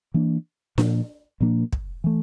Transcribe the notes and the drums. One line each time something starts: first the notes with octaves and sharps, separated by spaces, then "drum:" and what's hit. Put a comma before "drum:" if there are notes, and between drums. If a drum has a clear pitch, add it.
E3 A#3 D4
A#2 F3 A#3 D4, drum: snare D4
A#2 F3 A#3 D4
drum: kick
E3 A3